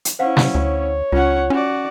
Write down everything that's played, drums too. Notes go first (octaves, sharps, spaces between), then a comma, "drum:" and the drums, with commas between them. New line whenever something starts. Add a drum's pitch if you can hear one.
drum: hi-hat
C#4 E4 C5 F5 F#5
drum: snare
D2 C#5
C#2 C#4 F4 F#5
C#4 F#4 D5